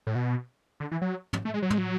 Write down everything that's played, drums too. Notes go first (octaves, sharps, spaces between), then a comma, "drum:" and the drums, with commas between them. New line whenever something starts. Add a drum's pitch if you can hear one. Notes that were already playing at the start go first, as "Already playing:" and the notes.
A2
B2
D3
E3
F#3
drum: tom
A3
G#3
F#3
G#3, drum: tom
F#3